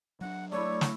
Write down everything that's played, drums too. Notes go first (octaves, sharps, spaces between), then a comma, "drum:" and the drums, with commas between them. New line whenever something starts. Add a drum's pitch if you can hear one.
F#3 C#4 D4 F#5
A3 E4 C#5 D5
drum: snare